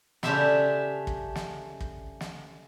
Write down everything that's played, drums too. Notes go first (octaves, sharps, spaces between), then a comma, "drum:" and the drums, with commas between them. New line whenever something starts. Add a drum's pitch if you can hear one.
C#3 A3 D4 G4 E5 C6, drum: snare
drum: kick
drum: snare
drum: kick
drum: snare